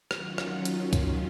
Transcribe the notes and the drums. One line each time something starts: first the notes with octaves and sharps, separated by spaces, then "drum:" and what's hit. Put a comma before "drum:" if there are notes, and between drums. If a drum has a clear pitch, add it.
D#3 F#3 C#4 F4 F#5, drum: rim click
drum: rim click
drum: hi-hat
drum: kick, hi-hat